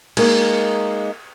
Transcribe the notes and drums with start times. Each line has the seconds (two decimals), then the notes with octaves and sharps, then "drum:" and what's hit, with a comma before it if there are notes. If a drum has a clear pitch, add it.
0.17 G#3 A#3 D#4, drum: cymbal